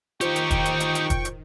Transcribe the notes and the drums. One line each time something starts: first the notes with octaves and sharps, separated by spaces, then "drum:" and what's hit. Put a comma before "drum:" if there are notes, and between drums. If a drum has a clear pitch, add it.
D#3 D#4 F4 G4 C5 G5 C#6, drum: hi-hat
drum: hi-hat
drum: kick, hi-hat
drum: hi-hat
drum: hi-hat
drum: hi-hat
drum: kick, hi-hat
drum: hi-hat